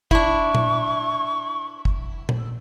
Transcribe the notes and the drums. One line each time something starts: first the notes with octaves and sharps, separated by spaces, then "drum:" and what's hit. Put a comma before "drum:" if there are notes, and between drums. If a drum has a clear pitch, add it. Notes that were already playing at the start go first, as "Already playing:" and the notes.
D4 E4 C#6, drum: kick
drum: tom A#2
drum: kick
drum: tom A#2